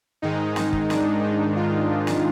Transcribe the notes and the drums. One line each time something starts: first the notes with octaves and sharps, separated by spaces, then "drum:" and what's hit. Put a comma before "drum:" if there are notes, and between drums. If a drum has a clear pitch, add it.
G#2 D#3 G#3 D#4
drum: snare
drum: kick
D4, drum: snare
D#4
F4
drum: snare